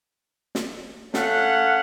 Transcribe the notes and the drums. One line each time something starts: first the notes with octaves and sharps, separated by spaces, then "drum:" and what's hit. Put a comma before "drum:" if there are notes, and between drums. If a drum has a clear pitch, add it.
drum: snare
A3 C#4 F5 F#5, drum: snare